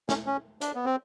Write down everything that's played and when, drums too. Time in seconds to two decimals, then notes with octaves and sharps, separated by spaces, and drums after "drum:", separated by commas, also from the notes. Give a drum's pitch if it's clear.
0.09 C#4, drum: snare
0.26 C#4
0.61 D4, drum: hi-hat
0.75 B3
0.85 C4